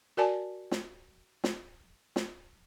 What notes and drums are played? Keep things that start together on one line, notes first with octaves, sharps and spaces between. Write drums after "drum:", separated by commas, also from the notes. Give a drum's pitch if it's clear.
F#4 A#4 D5 G#5 A5
drum: snare
drum: snare
drum: snare